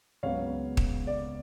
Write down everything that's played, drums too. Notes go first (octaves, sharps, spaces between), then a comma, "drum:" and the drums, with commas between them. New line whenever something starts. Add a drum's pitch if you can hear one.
C#2 C#3 F#3 B3 C#5 F5
drum: kick
D5